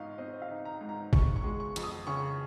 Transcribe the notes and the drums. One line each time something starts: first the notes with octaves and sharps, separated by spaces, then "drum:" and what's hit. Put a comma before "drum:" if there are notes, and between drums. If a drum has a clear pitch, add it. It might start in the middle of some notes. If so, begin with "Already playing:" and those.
Already playing: G#2 D#4 F5 C#6
C4 D#5
F5
D#4
A#5
G#2
A#5
C#3 C#6, drum: kick G1
C#6
G#3
C#6
F2, drum: hi-hat
D#6
C#3 C#6